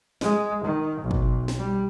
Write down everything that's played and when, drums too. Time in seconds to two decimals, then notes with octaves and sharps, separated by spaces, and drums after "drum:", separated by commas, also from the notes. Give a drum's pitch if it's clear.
0.21 G#3, drum: snare
0.64 D#3
1.01 B1
1.11 drum: kick
1.48 drum: snare
1.59 G3